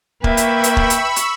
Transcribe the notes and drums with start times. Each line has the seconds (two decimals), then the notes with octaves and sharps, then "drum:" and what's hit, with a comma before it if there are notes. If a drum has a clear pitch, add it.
0.24 A#3 B4 E5 G5 B5 C#6 E6, drum: kick
0.37 drum: hi-hat
0.64 drum: hi-hat
0.77 drum: kick
0.90 drum: hi-hat
1.16 drum: hi-hat